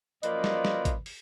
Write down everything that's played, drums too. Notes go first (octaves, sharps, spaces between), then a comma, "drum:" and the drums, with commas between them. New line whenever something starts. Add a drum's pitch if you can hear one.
F#2 F3 A#3 B4 D5 D#5, drum: hi-hat
drum: snare
drum: snare
drum: kick, hi-hat
drum: open hi-hat